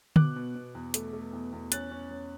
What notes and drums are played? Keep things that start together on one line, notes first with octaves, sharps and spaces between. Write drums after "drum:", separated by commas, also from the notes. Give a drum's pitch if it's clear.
B2 D6 F#6, drum: tom D3
B2
B2
E2
A3, drum: hi-hat
A3
E2
E2
C#4 F#6 A6, drum: hi-hat
C#4
C#4